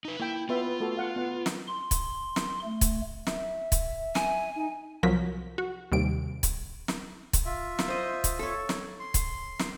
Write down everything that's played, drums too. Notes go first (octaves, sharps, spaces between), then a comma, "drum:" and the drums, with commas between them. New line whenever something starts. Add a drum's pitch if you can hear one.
D#4 B4
A#3 E4 G5
B3 F4 B4 E5
A3 F#4 A4
F5 F#5
B3 F#5
drum: snare
C6
drum: kick C#1, hi-hat
drum: snare
A3
drum: kick C#1, hi-hat
E5, drum: snare
drum: kick C#1, hi-hat
G#5, drum: snare
D#4
C2 F3 F#3 A#4 B6
F#4
D#2 C3 G3 D7
drum: kick C#1, hi-hat
drum: snare
drum: kick C#1, hi-hat
F4 E5
drum: snare
C5 D#5
drum: kick C#1, hi-hat
A4 C#5
drum: snare
C6
drum: kick C#1, hi-hat
drum: snare